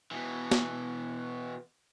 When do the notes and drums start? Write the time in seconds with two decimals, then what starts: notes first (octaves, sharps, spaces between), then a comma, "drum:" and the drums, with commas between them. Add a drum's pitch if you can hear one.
0.11 B2 E3
0.51 drum: snare